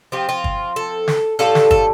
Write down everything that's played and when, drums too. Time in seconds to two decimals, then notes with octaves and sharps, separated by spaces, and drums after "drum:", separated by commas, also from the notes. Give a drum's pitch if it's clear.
0.12 F3 C4 F4 G4
0.29 F4
0.44 drum: kick
0.76 A4
1.08 drum: snare
1.39 A2 G3 F4 A4
1.55 drum: snare
1.71 A4, drum: kick